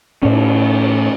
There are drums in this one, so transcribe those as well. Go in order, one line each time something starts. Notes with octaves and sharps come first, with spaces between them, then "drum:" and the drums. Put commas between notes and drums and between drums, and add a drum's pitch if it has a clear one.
A2 C#4, drum: cymbal